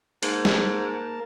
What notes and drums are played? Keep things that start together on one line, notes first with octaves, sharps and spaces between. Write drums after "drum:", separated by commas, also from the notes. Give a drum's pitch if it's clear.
G#2 A#3 A#4 A5, drum: hi-hat
drum: snare